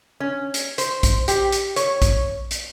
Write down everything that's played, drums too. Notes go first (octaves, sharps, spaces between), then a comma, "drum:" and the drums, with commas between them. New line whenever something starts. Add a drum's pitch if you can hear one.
C#4
drum: hi-hat
C5, drum: hi-hat
drum: kick A#1, hi-hat
G4, drum: hi-hat
drum: hi-hat
C#5, drum: hi-hat
drum: kick A#1, hi-hat
drum: hi-hat